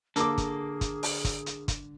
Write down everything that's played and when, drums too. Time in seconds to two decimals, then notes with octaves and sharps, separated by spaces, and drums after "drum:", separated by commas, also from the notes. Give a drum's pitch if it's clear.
0.16 D3 A#3 G#4 A4 D6, drum: hi-hat
0.38 drum: kick, hi-hat
0.81 drum: kick, hi-hat
1.03 drum: open hi-hat
1.25 drum: kick, hi-hat
1.46 drum: hi-hat
1.68 drum: kick, hi-hat